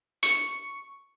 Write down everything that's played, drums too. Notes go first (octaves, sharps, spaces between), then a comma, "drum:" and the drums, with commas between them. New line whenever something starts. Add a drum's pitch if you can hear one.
C#6, drum: hi-hat